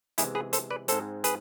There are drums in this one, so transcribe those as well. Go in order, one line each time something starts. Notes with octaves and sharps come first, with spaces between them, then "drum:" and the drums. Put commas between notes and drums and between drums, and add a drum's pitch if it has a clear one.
C3 E3 G#3 B3 E4 G#4, drum: hi-hat
G#4 B4
A4 C5, drum: hi-hat
B4 D5
G#2 G#3 C4 A4 C5, drum: hi-hat
G#4 B4, drum: hi-hat